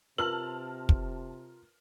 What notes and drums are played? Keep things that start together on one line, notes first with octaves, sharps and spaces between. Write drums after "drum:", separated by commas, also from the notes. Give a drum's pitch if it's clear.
C3 F4 A#4 B4 A5 F6 F#7
drum: kick